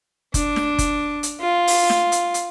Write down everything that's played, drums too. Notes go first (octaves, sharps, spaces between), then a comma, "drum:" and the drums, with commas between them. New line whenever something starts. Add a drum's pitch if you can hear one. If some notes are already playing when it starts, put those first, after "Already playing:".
D4, drum: kick F#1, hi-hat
drum: snare
drum: kick F#1, hi-hat
drum: hi-hat
F4
drum: open hi-hat
drum: snare
drum: hi-hat
drum: hi-hat